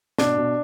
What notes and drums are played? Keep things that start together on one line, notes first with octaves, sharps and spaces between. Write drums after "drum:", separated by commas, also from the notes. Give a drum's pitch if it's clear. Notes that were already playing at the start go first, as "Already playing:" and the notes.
B2 D4, drum: snare
B2